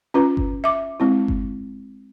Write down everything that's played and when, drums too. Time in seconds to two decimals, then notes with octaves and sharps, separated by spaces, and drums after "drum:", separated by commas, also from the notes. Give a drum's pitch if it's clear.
0.14 C#4 F4 B4
0.37 drum: kick G1
0.64 E5 D6
1.00 G#3 C4 E4
1.28 drum: kick G1